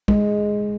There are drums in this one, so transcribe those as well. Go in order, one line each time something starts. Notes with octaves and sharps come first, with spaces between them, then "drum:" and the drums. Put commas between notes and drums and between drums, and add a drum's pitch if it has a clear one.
G#3, drum: kick